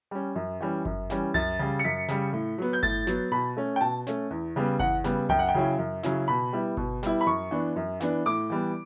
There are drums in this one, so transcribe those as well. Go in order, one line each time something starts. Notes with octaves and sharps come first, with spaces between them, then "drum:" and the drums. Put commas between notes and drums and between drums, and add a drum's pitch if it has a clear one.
G3 C#4
F#2
E3 G3 C#4
F#2, drum: kick G1
E3 G3 C#4, drum: snare
F#2 A6, drum: tom C2
C#3 G3
C#7
F#2 B6
C#3 G3, drum: snare
A2
F#3 B3
G6
A2 A6, drum: kick G1
F#3 B3, drum: snare
B2 B5
A3 C#4
G5
B2 A5
A3 C#4, drum: snare
E2
C#3 G3 B3
E2 F#5, drum: kick G1
C#3 G3 B3, drum: snare
F#2 G5, drum: tom C2
F#5
G5
C#3 F#3 C#4 E4
F#2
C#3 F#3 C#4 E4, drum: snare
B2 B5
G3 B3 E4
B2, drum: kick G1
G3 B3 E4, drum: snare
B5
F#2 C#6
E3 B3 D4
F#2
E3 B3 D4, drum: snare
A2 D6
E3 G3 B3